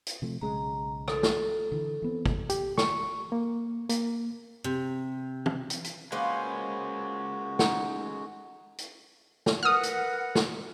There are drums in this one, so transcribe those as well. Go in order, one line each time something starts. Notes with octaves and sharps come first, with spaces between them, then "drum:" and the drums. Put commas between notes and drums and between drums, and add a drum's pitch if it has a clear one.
drum: hi-hat
C3 F3 A3
B1 C#3 G#3 A#5
A4, drum: rim click
drum: snare
D3 E3
E3 B3 C4
drum: kick
G4, drum: hi-hat
C#6, drum: snare
A#3
A#3, drum: hi-hat
C3
drum: tom
drum: hi-hat
drum: hi-hat
G#3 A#3 C#4 F#4 B4 C5
D#4 F#5, drum: snare
drum: hi-hat
drum: snare
A#4 B4 F#5 D#6 F6
drum: hi-hat
drum: snare